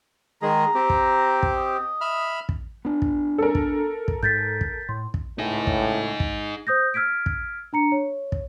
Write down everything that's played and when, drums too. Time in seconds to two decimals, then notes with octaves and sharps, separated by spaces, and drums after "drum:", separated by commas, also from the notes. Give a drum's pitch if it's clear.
0.42 D#3 G#3 G#4 A#5
0.75 C4 G4
0.90 drum: kick
1.43 drum: kick
1.56 D#5
2.01 E5 B5 F6
2.49 drum: kick
2.85 B3 D4
3.02 drum: kick
3.38 A4 A#4
3.55 drum: kick
4.08 drum: kick
4.23 G#2 G6 A6 B6
4.61 drum: kick
4.89 A2 C6
5.14 drum: kick
5.39 C#2 A2 D#4 G#4
5.67 drum: kick
6.20 drum: kick
6.67 C5 D#6 G6 A#6
6.94 E6 F6 G#6 B6 D7
7.26 drum: kick
7.73 D4 A#5 C#7
7.92 C#5
8.32 drum: kick